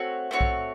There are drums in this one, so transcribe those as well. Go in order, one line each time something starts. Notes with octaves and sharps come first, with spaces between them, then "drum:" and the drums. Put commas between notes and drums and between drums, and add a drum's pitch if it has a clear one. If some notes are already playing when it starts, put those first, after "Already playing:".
Already playing: A3 C4 F#4 C#5
A3 C4 F#4 C#5
drum: kick B1